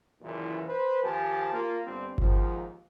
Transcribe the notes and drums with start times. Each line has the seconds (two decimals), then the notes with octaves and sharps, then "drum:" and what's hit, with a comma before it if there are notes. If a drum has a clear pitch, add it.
0.21 F#1 D#2 A#2 E3
0.67 B4 C5
1.03 D#2 F3 G4 G#5 A5
1.53 A#3 F4
1.86 G1 G3 C4 D4 C5
2.18 D#2 G#2 F3, drum: kick G1